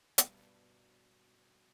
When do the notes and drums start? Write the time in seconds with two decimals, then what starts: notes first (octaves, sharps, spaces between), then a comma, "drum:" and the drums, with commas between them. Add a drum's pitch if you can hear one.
0.18 G2 B2 B3, drum: hi-hat